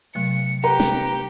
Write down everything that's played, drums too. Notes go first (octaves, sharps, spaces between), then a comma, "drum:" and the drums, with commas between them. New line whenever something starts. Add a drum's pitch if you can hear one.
C3 F#3 A3 C#7
G4 B4 A#5
drum: snare